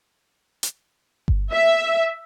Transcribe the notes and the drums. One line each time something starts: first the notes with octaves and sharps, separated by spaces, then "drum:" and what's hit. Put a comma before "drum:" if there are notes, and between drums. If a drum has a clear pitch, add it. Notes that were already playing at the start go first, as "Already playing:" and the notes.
drum: hi-hat
drum: kick G1
E5